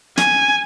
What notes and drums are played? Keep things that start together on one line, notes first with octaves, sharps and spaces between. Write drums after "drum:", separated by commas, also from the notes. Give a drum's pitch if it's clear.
G#5, drum: snare